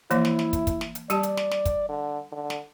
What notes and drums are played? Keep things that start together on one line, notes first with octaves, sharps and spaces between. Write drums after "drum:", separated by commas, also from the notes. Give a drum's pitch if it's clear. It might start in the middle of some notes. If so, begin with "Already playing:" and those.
E3 F3 A#3 E4, drum: hi-hat
drum: snare
drum: snare
drum: kick, hi-hat
drum: kick, hi-hat
drum: snare
drum: hi-hat
G3 G4 D5 A5, drum: hi-hat
drum: hi-hat
drum: snare
drum: snare
drum: kick, hi-hat
D3
D3
drum: snare